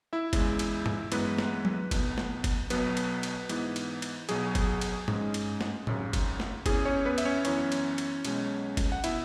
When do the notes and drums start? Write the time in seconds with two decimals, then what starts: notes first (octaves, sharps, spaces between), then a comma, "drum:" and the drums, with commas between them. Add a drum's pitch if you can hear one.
0.13 E4 E5
0.33 E2 C#3 G#3, drum: kick G1, cymbal
0.59 drum: cymbal
0.86 drum: tom G2
1.12 F#2 E3 G#3 B3 B4, drum: cymbal
1.38 drum: snare
1.65 drum: tom F#3
1.91 B1 B2 B3, drum: kick G1, cymbal
2.18 drum: snare
2.44 drum: kick G1, cymbal
2.70 B1 B2 F#3 B3 B4, drum: cymbal
2.97 drum: cymbal
3.23 drum: cymbal
3.49 G#2 E3 B3, drum: cymbal
3.76 drum: cymbal
4.02 drum: cymbal
4.29 B1 B2 F#3 G#4, drum: cymbal
4.55 drum: kick G1, cymbal
4.81 drum: cymbal
5.08 G#2 G#3 C#4, drum: tom G2
5.34 drum: cymbal
5.61 drum: snare
5.87 G#1 F#2 C#3, drum: tom A2
6.13 drum: kick G1, cymbal
6.40 drum: snare
6.66 E2 E3 C#4 G#4, drum: kick G1, cymbal
6.85 C#4 C#5
7.05 B3 B4
7.18 E5, drum: cymbal
7.25 C#4 C#5
7.45 F#2 E3 B3 C#4 C#5, drum: cymbal
7.72 drum: cymbal
7.98 drum: cymbal
8.25 B1 B2 G#3 C#4, drum: cymbal
8.77 drum: kick G1, cymbal
8.92 F#5
9.04 B2 B3 E4 E5, drum: cymbal